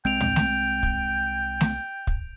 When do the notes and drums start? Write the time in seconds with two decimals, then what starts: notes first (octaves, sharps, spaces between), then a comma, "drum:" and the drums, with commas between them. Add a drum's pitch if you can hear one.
0.05 C2 G#3 C4 G5 G6 D7 F7
0.21 drum: tom
0.36 drum: snare A3
0.83 drum: kick
1.61 drum: snare A3
2.07 drum: kick